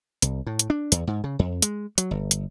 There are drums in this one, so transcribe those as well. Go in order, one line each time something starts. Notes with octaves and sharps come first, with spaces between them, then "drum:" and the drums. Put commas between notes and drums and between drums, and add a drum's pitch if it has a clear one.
C2, drum: hi-hat
A2
drum: hi-hat
D4
E2, drum: hi-hat
G#2
C#3
F2
G#3, drum: hi-hat
F#3, drum: hi-hat
G1
drum: hi-hat